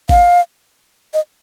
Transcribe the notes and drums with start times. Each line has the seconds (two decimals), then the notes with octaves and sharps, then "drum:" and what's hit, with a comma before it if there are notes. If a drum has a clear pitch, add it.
0.09 F5, drum: kick G#1
1.14 D#5